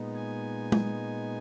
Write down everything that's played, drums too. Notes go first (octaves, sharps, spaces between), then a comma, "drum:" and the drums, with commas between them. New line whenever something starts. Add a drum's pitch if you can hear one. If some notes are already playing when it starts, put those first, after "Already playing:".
Already playing: A#2 G#3 B3 D#4
G#5
drum: tom G#3